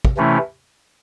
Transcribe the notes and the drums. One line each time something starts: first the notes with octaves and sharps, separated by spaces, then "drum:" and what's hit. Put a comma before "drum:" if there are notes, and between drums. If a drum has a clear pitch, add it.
drum: kick
C3 E3 A3 C#4 E4